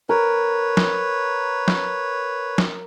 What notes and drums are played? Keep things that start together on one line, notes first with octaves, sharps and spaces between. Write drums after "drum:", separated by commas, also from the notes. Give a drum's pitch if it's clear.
A#4 B4 C#5
drum: snare
drum: snare
drum: snare